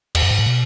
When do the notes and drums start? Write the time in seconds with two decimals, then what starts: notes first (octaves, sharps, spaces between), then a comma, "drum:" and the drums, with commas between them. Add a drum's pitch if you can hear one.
0.15 E2, drum: cymbal
0.22 F#2
0.31 G#2
0.39 A2
0.46 B2